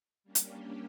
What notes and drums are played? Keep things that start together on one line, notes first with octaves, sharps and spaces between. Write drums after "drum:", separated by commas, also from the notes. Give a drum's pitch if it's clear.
G3 A#3 C#4 D4 G4
drum: hi-hat